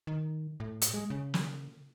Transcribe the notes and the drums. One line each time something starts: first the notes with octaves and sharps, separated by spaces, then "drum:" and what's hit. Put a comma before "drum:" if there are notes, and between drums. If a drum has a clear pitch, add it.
D#3
A2
drum: hi-hat
G#3
C#3
drum: snare